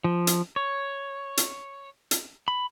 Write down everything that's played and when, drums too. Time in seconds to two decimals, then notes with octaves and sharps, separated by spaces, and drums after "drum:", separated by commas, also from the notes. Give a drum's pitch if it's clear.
0.04 F3
0.27 drum: hi-hat
0.56 C#5
1.37 drum: hi-hat
2.11 drum: hi-hat
2.48 B5